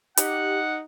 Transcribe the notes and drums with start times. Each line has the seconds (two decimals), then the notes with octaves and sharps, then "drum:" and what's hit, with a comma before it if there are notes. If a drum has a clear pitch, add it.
0.17 D#4 G4 F#5, drum: hi-hat